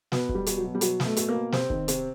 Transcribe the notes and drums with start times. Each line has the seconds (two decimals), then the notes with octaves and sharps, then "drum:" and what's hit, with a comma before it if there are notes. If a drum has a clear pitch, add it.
0.12 B2 B3, drum: snare
0.29 B2, drum: kick
0.35 G3
0.46 B2, drum: hi-hat
0.58 F#3
0.64 B2
0.75 G3
0.81 B2 F#3, drum: hi-hat
1.00 B2, drum: snare
1.05 A3
1.17 B2, drum: hi-hat
1.29 A#3
1.34 B2
1.52 C3 C4, drum: snare
1.70 D#3, drum: kick
1.88 C3, drum: hi-hat